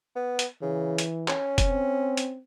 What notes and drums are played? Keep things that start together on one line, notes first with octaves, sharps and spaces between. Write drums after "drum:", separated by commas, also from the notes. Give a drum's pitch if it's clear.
B3
drum: hi-hat
C#3 E3
drum: hi-hat
C#4, drum: clap
drum: kick F1, hi-hat
C4
drum: hi-hat